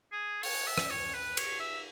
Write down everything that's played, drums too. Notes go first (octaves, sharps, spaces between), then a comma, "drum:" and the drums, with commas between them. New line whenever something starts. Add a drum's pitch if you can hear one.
G#4
C#5, drum: open hi-hat
E5
drum: rim click
C#5
B4
C#5, drum: cymbal
E5